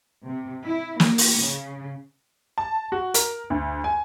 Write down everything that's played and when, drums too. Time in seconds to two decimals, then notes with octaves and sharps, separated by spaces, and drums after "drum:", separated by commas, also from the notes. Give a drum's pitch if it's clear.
0.25 C3
0.66 E4
1.00 A#3, drum: snare
1.18 drum: open hi-hat
1.39 C#3
2.58 A5
2.92 F#4
3.14 A#4, drum: hi-hat
3.50 D2
3.84 G#5